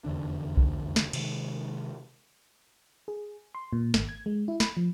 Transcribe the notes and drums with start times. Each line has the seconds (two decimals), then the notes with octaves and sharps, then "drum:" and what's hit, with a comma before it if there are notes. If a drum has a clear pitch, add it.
0.05 F1 E2 D3 D4
0.57 drum: kick B1
0.96 drum: snare
1.13 C3 D#3 G#3, drum: cymbal
3.08 G#4
3.55 C6
3.73 A#2
3.94 G#1, drum: snare
4.09 G#6
4.26 G#3
4.48 E4
4.60 B5, drum: snare
4.77 F3